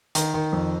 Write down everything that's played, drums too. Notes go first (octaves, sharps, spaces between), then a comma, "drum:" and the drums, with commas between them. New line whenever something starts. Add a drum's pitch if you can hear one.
D#3, drum: hi-hat
D#3
F2